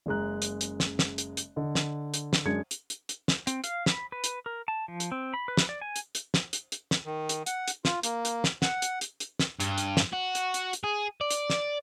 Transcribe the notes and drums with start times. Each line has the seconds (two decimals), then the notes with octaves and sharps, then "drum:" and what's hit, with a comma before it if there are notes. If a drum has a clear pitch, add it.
0.06 F#1 C#3 G#3 A#5 F#6
0.42 drum: hi-hat
0.61 drum: hi-hat
0.80 drum: snare
0.99 drum: snare
1.18 drum: hi-hat
1.37 drum: hi-hat
1.56 D3 D#5
1.75 drum: snare
2.14 drum: hi-hat
2.33 drum: snare
2.45 F#2 G#3 D4 G#6 C#7
2.71 drum: hi-hat
2.90 drum: hi-hat
3.09 drum: hi-hat
3.28 drum: snare
3.47 C4, drum: hi-hat
3.64 F5, drum: hi-hat
3.86 B5, drum: snare
4.12 B4
4.24 drum: hi-hat
4.46 A#4
4.68 A5
4.88 F3
5.00 drum: hi-hat
5.12 C4
5.34 B5
5.48 B4
5.57 drum: snare
5.69 D5
5.82 G#5
5.96 drum: hi-hat
6.15 drum: hi-hat
6.34 drum: snare
6.53 drum: hi-hat
6.72 drum: hi-hat
6.91 drum: snare
7.06 D#3
7.29 drum: hi-hat
7.46 F#5, drum: hi-hat
7.68 drum: hi-hat
7.85 F4, drum: snare
8.03 A#3, drum: hi-hat
8.25 drum: hi-hat
8.44 drum: snare
8.62 F#5, drum: snare
8.82 drum: hi-hat
9.01 drum: hi-hat
9.20 drum: hi-hat
9.39 drum: snare
9.60 G2, drum: hi-hat
9.78 drum: hi-hat
9.97 drum: snare
10.13 F#4
10.35 drum: hi-hat
10.54 drum: hi-hat
10.73 drum: hi-hat
10.84 G#4
11.21 D5
11.30 drum: hi-hat
11.50 drum: snare